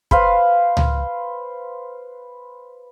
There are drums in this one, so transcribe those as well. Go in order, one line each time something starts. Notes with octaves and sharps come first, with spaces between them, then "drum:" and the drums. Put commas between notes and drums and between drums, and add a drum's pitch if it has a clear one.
B4 C5 F5, drum: kick
drum: tom C#2